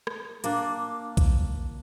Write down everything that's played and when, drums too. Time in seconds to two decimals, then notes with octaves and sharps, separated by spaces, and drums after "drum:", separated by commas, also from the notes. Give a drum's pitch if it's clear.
0.07 drum: rim click
0.44 A#3 D4, drum: hi-hat
1.17 drum: kick B1, hi-hat